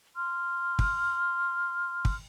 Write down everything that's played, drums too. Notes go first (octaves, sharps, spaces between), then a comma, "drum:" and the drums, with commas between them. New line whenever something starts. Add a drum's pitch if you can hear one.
C6 F6
drum: kick
drum: kick